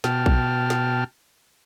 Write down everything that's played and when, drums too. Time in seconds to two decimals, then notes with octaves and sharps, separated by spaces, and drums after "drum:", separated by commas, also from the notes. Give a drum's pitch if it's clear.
0.04 B2 G5 A5 F6, drum: snare
0.26 drum: kick A#1
0.70 drum: snare